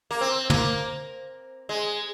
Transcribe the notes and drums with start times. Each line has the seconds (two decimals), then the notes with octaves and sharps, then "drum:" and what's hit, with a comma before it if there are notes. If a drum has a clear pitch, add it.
0.11 A#3
0.21 C4
0.50 A#3, drum: tom
1.69 G#3